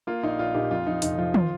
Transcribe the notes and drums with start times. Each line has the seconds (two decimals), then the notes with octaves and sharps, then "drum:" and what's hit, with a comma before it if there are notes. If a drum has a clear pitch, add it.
0.07 A#3 F4
0.23 A#1 D#4
0.39 A#1 F4
0.54 A#2 D#4 G4
0.71 F2 F4
0.86 F3 D#4
1.02 F1 D#4, drum: hi-hat
1.18 F3 F4
1.34 F4, drum: tom